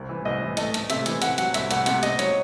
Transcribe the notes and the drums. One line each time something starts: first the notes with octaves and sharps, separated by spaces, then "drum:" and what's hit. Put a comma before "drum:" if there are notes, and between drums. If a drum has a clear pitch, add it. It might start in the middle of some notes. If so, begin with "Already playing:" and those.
Already playing: C2
E3
C2 D#5
E3
A3 D#5, drum: hi-hat
A3, drum: hi-hat
C3 E5, drum: hi-hat
E3, drum: hi-hat
C3 F#5, drum: hi-hat
F#3 F#5, drum: hi-hat
C2 E5, drum: hi-hat
C2 F#5, drum: hi-hat
C3 F#5, drum: hi-hat
C3 D#5, drum: hi-hat
F#3 C#5, drum: hi-hat